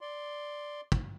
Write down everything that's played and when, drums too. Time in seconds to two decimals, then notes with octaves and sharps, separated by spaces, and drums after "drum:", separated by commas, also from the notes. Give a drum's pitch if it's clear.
0.01 D5 C6
0.92 drum: kick